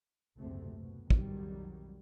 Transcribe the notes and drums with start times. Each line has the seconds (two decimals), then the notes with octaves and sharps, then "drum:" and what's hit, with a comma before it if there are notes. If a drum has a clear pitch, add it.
0.38 F#1 D2 G#2 C3 A3 C4
0.78 B2
1.10 B1 F2 G#2 D#3 F#3 G3, drum: kick